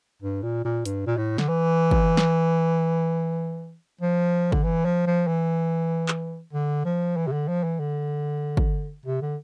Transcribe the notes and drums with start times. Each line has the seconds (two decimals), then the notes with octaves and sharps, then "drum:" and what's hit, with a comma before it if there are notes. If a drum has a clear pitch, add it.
0.22 G2
0.43 A#2
0.64 A#2
0.85 G2, drum: hi-hat
1.07 A#2
1.17 A2
1.38 D3, drum: snare
1.48 E3
1.91 drum: kick
2.17 drum: snare
4.01 F3
4.52 D3, drum: kick
4.64 E3
4.85 F3
5.06 F3
5.27 E3
6.08 drum: clap
6.53 D3
6.85 F3
7.16 E3
7.27 C3
7.32 D3
7.48 F3
7.64 E3
7.80 D3
8.57 drum: kick
9.06 C3
9.22 D3